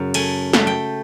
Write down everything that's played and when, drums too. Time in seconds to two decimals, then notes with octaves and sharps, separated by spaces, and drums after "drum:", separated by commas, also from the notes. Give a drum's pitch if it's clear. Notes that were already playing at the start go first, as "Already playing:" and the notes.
Already playing: F#2 C#3
0.14 A3 G#5, drum: cymbal
0.53 A3, drum: snare
0.67 G5